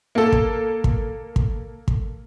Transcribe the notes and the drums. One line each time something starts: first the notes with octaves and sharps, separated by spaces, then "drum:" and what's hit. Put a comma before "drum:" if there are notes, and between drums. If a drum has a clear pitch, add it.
A#3 A4
drum: kick
drum: kick
drum: kick
drum: kick